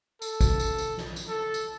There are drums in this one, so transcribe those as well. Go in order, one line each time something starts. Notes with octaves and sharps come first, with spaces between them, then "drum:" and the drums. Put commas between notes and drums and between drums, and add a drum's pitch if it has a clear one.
A4, drum: tambourine
drum: kick, tambourine
drum: tambourine
drum: tambourine
drum: snare
drum: tambourine
A4
drum: tambourine